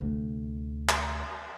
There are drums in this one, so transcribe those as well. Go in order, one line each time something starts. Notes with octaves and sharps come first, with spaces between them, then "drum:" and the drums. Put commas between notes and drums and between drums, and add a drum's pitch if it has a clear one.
D2 C3
drum: clap